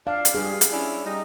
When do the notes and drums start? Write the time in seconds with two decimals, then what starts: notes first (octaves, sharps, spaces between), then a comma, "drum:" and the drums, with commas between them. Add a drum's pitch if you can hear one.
0.07 D4 F5
0.25 drum: hi-hat
0.35 G2 G#4
0.61 drum: hi-hat
0.72 C#4 D4 E4
1.06 G3 D#4